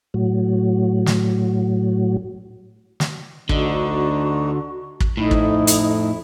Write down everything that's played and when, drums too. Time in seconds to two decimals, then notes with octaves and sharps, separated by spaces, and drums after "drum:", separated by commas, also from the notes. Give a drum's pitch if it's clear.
0.14 A2 F#3
1.06 drum: snare
3.00 drum: snare
3.49 D2 D3 D4 D#4 F#4, drum: kick
5.00 drum: kick
5.17 F2 A2 D#4 E4
5.31 drum: kick
5.67 drum: hi-hat